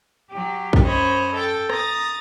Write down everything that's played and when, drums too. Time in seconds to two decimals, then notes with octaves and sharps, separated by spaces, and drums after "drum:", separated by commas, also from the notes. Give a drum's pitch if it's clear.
0.31 F#3 G4
0.73 drum: kick
0.83 F#2 C5 C#5 D#5 B5
1.33 A4 G5 A5
1.70 A#5 D#6 A6, drum: rim click